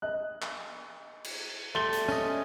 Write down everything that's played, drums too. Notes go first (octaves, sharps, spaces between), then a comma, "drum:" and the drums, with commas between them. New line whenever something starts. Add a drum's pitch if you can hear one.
D#5 F#6
drum: clap
drum: cymbal
G3 A3 C6 G7
drum: hi-hat
C#4 D#5, drum: tambourine